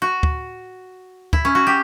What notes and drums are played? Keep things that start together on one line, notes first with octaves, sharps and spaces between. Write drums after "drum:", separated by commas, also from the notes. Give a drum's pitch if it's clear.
F#4
drum: kick
E4, drum: kick
C#4
F#4
G4